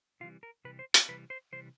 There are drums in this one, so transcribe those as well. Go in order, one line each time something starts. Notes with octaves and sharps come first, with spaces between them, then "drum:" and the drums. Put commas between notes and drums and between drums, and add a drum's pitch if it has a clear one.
C3 E3 G3 F4
A#4
C3 E3 G3 B4
C5
C#5, drum: hi-hat
C3 E3 G3 B4
C5
C3 E3 G3 C5